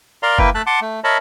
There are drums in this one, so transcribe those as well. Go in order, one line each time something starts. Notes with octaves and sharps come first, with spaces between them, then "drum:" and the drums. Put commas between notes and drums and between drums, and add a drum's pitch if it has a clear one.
A#4 D5 F5 A#5 C6
A#3 E4 B4 G5, drum: kick F#1
A3 E5 A5 F#6
F#5 A5 C6 D6
A3
A#4 C#5 D#5 E5 A5 B5